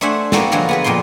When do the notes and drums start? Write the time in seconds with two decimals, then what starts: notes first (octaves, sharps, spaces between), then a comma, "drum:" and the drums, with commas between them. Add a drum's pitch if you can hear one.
0.01 A3 D4 C5 E5 F#5 G#5
0.32 A#3 B3 F#4 G5 A5, drum: snare
0.52 D3 F3 F#3 G#3
0.69 B3 G#4 B4
0.84 F2 A#2 F3 A#3 C6